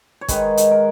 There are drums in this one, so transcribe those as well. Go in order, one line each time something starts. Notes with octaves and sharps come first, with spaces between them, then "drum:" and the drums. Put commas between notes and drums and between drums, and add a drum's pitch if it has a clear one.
C#5
G#2 D#3 G#3 B4, drum: kick, hi-hat
drum: hi-hat
A#4